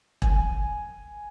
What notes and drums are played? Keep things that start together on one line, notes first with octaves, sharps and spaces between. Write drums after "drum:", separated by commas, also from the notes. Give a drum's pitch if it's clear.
G#5, drum: kick E1